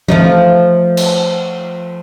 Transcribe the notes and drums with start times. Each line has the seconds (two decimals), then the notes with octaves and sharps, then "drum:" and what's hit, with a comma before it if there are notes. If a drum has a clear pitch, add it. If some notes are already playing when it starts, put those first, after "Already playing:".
0.08 F3 A3 D#4, drum: tom E3
0.97 drum: cymbal